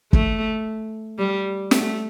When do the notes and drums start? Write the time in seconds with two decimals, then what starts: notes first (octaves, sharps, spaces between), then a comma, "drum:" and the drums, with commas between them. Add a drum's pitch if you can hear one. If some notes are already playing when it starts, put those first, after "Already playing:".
0.13 A3, drum: kick
1.18 G3
1.71 A3, drum: snare